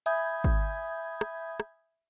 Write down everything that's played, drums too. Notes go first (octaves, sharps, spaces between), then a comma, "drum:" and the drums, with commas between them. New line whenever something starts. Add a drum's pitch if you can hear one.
E5 G#5 B5 D#6 G6 G#6, drum: hi-hat
drum: kick G#1
drum: rim click
drum: rim click